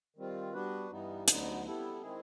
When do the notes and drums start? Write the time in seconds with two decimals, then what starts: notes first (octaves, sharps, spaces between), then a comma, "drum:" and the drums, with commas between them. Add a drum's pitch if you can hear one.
0.17 D#3 G3 C4 F4
0.54 G3 B3 D4 F#4 B4
0.91 G2 E3 G3 B3 D#4
1.28 D2 D3 F#3 B3 D#4, drum: hi-hat
1.65 G3 B3 E4 A4
2.02 D#3 G#3 C4 E4 G#4